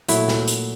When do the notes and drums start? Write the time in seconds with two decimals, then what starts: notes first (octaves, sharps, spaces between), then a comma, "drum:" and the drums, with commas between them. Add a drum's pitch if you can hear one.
0.09 A#2 F#3 A3 E4, drum: hi-hat
0.28 drum: snare
0.48 drum: hi-hat